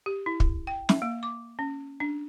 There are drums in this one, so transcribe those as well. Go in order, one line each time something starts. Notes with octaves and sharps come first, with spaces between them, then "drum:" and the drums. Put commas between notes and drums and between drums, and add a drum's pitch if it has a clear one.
G4
E4
drum: kick
G5
E5, drum: snare
A#3
D6
C#4
D4